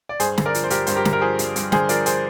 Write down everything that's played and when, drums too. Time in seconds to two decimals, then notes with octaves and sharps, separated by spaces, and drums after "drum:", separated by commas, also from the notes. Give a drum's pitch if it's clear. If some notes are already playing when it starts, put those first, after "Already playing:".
0.09 D5
0.20 G2 G#4 C5, drum: hi-hat
0.38 D3, drum: snare
0.46 A#4 D5
0.54 F3, drum: hi-hat
0.64 C5
0.70 G2 G4 A#4, drum: hi-hat
0.87 G2 C5, drum: hi-hat
0.96 G4 A#4
1.05 D3, drum: snare
1.13 A#4
1.22 F3 G#4 C5
1.39 G2, drum: hi-hat
1.56 G2, drum: hi-hat
1.72 D3 G#4 C5, drum: snare
1.89 F3 A#4 D5, drum: hi-hat
2.06 G#4 C5, drum: hi-hat